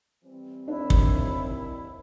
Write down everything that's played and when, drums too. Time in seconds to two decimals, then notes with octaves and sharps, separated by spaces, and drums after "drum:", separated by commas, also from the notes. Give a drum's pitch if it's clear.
0.24 E3 G3 C4
0.68 D#2 D4 E4
0.90 drum: kick